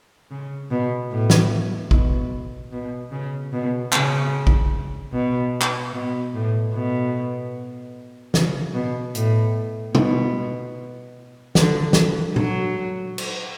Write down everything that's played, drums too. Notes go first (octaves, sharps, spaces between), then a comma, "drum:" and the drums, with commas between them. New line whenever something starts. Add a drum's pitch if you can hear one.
C#3
B2
A2
drum: snare
B2, drum: kick A1
B2
C#3
B2
C#3, drum: clap
drum: kick A1
B2
drum: clap
B2
A2
B2
C#3, drum: snare
B2
A2, drum: hi-hat
B2, drum: tom B2
D3, drum: snare
drum: snare
F#3, drum: tom A#2
drum: cymbal